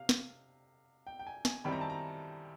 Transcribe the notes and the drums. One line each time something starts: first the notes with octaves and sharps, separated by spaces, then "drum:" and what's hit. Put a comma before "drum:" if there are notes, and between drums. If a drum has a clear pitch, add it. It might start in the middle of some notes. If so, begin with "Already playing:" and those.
Already playing: C3 F5
drum: snare
G5
G5
G#5
G#5, drum: snare
F#2 D#3 G3 C4 E4 B5
A#5
A5
A#5